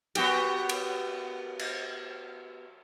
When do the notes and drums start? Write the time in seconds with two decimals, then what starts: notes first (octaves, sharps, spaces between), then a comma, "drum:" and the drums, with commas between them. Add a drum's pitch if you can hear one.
0.15 B3 F#4 G4, drum: cymbal
0.69 drum: cymbal
1.59 drum: cymbal